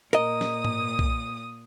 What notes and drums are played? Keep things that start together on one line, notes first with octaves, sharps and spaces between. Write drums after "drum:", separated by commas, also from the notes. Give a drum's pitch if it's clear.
A#2 A#4 D#5 D#6, drum: hi-hat
drum: snare
drum: tom G#2
drum: kick B1